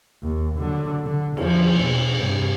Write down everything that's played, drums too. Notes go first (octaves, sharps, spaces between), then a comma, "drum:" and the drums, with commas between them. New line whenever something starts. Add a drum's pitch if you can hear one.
D#2
D3 F#3
D3
E2 F3, drum: cymbal
B2
G2 C3